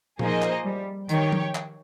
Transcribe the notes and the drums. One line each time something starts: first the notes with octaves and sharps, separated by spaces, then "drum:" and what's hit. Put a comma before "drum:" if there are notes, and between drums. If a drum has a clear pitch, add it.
F3 A#3 D#4 G#4 C5 D#5, drum: tom A#2
drum: clap
G3
D#3 G4 C#5 G5, drum: hi-hat
drum: tom F3
drum: clap